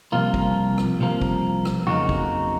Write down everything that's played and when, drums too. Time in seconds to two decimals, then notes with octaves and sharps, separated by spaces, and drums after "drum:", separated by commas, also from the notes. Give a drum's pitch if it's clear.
0.12 C2 C3 F3 A#3 F4
0.34 drum: kick
0.78 drum: rim click
0.99 C2 C3 F3 A#3
1.21 drum: kick
1.65 drum: rim click
1.87 F2 C#3 F#3 A#3 D#4 F#4
2.09 drum: kick